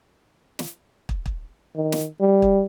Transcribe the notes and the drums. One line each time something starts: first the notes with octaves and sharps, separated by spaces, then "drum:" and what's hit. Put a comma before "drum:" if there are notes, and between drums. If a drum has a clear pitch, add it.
drum: snare
drum: kick
drum: kick
D#3
drum: snare
G3
drum: kick